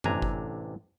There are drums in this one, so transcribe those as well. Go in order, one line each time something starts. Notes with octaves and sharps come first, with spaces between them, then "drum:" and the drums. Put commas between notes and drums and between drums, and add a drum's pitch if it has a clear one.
A1 C3 D4 G#5 A#5, drum: tom F#2
drum: kick G1